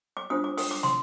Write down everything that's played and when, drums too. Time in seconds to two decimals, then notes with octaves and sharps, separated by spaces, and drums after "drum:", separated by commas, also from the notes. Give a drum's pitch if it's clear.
0.17 D6
0.30 D4 F4 C5 D#6
0.44 D6
0.57 D#6, drum: open hi-hat
0.71 D6
0.83 C6, drum: snare